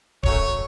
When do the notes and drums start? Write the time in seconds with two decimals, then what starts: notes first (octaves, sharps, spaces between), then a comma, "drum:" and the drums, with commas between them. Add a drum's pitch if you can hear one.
0.23 F#2 F#3 A3 C#5, drum: kick D1